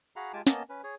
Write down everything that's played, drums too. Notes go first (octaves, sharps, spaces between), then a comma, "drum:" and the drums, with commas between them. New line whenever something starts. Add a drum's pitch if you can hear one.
F#4 G#4 F5 F#5 A#5 B5
G#3 F4 G4 G#5 A5 D6
A#3 B3 C#4 D#5 A5, drum: snare
C#4 B4
G#4 C#5